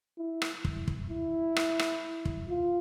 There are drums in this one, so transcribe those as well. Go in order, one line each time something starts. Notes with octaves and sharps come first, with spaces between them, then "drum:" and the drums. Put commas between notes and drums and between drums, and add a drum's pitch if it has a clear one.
E4
drum: rim click
drum: kick
drum: kick
E4
drum: rim click
drum: rim click
drum: kick
F4